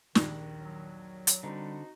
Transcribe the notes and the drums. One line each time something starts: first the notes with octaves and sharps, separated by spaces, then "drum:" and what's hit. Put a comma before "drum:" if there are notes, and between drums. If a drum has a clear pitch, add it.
A#1 D#2 D#3 F#7, drum: snare
F#3
drum: hi-hat
D3 G3 C4 D#4 F#4 A#5